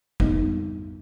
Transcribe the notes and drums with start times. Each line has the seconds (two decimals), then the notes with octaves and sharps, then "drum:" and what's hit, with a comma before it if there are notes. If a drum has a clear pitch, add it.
0.20 F2 G3 B3 D#4, drum: kick